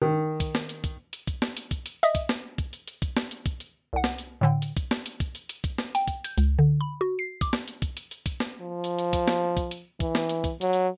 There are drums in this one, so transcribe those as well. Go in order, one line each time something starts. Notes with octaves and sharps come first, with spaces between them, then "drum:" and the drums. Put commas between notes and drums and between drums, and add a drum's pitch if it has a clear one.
D#3
drum: kick, hi-hat
drum: snare
drum: hi-hat
drum: kick, hi-hat
drum: hi-hat
drum: kick, hi-hat
drum: snare
drum: hi-hat
drum: kick, hi-hat
drum: hi-hat
D#5 E5 D#6, drum: hi-hat
drum: kick, hi-hat
drum: snare
drum: kick, hi-hat
drum: hi-hat
drum: hi-hat
drum: kick, hi-hat
drum: snare
drum: hi-hat
drum: kick, hi-hat
drum: hi-hat
C2 F#5
drum: snare
drum: hi-hat
A2 D3 G5
drum: hi-hat
drum: kick, hi-hat
drum: snare
drum: hi-hat
drum: kick, hi-hat
drum: hi-hat
drum: hi-hat
drum: kick, hi-hat
drum: snare
G5, drum: hi-hat
drum: kick, hi-hat
G6, drum: hi-hat
C#2, drum: hi-hat
D3
B5
F#4
C7
D6, drum: kick, hi-hat
drum: snare
drum: hi-hat
drum: kick, hi-hat
drum: hi-hat
drum: hi-hat
drum: kick, hi-hat
drum: snare
F3
drum: hi-hat
drum: hi-hat
drum: kick, hi-hat
drum: snare
drum: kick, hi-hat
drum: hi-hat
E3, drum: kick, hi-hat
drum: snare
drum: hi-hat
drum: kick, hi-hat
F#3, drum: hi-hat
drum: hi-hat